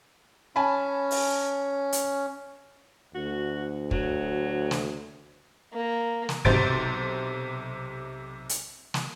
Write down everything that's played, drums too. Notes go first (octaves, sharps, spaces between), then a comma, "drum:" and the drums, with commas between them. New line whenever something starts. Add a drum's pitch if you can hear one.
C#4 G#5 A5 B5
drum: open hi-hat
drum: hi-hat
D2 F#4
F#3, drum: kick
drum: snare
A#3
drum: snare
B1 C3 C5 A6 D7, drum: kick
drum: hi-hat
drum: snare